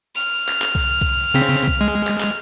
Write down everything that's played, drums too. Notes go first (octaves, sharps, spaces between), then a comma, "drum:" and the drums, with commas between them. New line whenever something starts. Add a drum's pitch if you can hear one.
F6
drum: clap
drum: clap
drum: kick C2
drum: kick C2
C#3 C4 B6
drum: kick C2
G#3
drum: clap
drum: clap